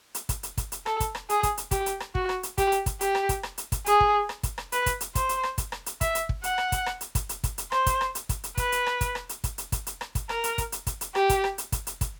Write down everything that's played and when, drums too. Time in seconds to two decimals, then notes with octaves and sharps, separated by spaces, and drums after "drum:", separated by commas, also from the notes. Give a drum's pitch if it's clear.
0.15 drum: hi-hat
0.29 drum: kick, hi-hat
0.43 drum: hi-hat
0.57 drum: kick, hi-hat
0.72 drum: hi-hat
0.86 A4, drum: rim click
1.00 drum: kick, hi-hat
1.15 drum: rim click
1.30 G#4, drum: hi-hat
1.43 drum: kick, hi-hat
1.58 drum: hi-hat
1.71 G4, drum: kick, hi-hat
1.86 drum: hi-hat
2.00 drum: rim click
2.15 F#4, drum: kick
2.29 drum: rim click
2.43 drum: hi-hat
2.58 G4, drum: kick, hi-hat
2.72 drum: hi-hat
2.86 drum: kick, hi-hat
3.01 G4, drum: hi-hat
3.15 drum: rim click
3.29 drum: kick, hi-hat
3.43 drum: rim click
3.58 drum: hi-hat
3.72 drum: kick, hi-hat
3.86 G#4, drum: hi-hat
4.00 drum: kick
4.29 drum: rim click
4.43 drum: kick, hi-hat
4.58 drum: rim click
4.72 B4, drum: hi-hat
4.86 drum: kick, hi-hat
5.01 drum: hi-hat
5.15 C5, drum: kick, hi-hat
5.29 drum: hi-hat
5.43 drum: rim click
5.58 drum: kick, hi-hat
5.72 drum: rim click
5.86 drum: hi-hat
6.01 E5, drum: kick, hi-hat
6.15 drum: hi-hat
6.29 drum: kick
6.44 F#5, drum: hi-hat
6.58 drum: rim click
6.72 drum: kick, hi-hat
6.86 drum: rim click
7.01 drum: hi-hat
7.15 drum: kick, hi-hat
7.29 drum: hi-hat
7.44 drum: kick, hi-hat
7.58 drum: hi-hat
7.72 C5, drum: rim click
7.86 drum: kick, hi-hat
8.01 drum: rim click
8.15 drum: hi-hat
8.29 drum: kick, hi-hat
8.44 drum: hi-hat
8.57 B4, drum: kick, hi-hat
8.72 drum: hi-hat
8.86 drum: rim click
9.01 drum: kick, hi-hat
9.15 drum: rim click
9.29 drum: hi-hat
9.44 drum: kick, hi-hat
9.58 drum: hi-hat
9.72 drum: kick, hi-hat
9.87 drum: hi-hat
10.01 drum: rim click
10.15 drum: kick, hi-hat
10.29 A#4, drum: rim click
10.44 drum: hi-hat
10.58 drum: kick, hi-hat
10.72 drum: hi-hat
10.87 drum: kick, hi-hat
11.01 drum: hi-hat
11.15 G4, drum: rim click
11.29 drum: kick, hi-hat
11.44 drum: rim click
11.58 drum: hi-hat
11.72 drum: kick, hi-hat
11.87 drum: hi-hat
12.01 drum: kick, hi-hat